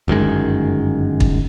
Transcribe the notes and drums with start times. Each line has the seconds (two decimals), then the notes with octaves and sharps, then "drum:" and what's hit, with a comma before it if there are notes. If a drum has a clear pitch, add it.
0.08 G1 F#2 D#3 G#3
1.20 drum: kick